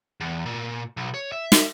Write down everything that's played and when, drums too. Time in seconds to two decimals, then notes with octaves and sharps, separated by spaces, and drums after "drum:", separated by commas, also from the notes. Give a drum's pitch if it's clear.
0.21 E2
0.46 A#2
0.97 B1
1.14 C#5
1.32 E5
1.52 drum: snare